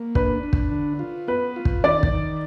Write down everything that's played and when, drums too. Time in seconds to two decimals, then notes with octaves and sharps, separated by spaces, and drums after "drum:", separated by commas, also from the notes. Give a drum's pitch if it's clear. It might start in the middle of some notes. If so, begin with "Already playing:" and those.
Already playing: A#3
0.15 D4 B4, drum: kick
0.43 D4
0.53 drum: kick
0.71 D3
0.99 F4
1.28 B3 B4
1.56 F4
1.65 drum: kick
1.84 D#3 D5
2.03 drum: kick
2.12 D#3